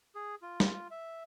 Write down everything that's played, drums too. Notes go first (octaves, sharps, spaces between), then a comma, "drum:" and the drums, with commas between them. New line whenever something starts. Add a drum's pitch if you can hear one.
G#4
F4
drum: snare
E5